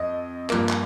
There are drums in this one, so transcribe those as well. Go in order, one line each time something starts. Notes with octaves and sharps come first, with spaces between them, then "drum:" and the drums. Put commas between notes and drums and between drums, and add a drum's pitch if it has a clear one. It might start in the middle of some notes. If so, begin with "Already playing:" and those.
Already playing: F2 D#5
G2 F3 A#3, drum: clap
drum: clap